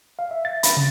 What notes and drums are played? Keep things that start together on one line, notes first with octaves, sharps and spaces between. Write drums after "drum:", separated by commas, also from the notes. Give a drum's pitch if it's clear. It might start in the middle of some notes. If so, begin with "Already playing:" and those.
F5
E5
A6
B5, drum: hi-hat
C#3